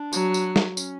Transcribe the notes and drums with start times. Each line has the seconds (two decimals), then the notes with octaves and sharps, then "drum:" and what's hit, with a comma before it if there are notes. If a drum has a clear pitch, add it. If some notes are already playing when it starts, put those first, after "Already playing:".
Already playing: D4
0.13 F#3, drum: tambourine
0.34 drum: tambourine
0.56 drum: snare
0.77 C#4, drum: tambourine